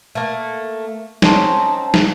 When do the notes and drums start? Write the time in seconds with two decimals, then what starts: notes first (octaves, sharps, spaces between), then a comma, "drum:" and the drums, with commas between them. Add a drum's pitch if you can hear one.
0.15 A3 A#3
1.22 C4 C#4 D#4 A5, drum: snare
1.94 drum: snare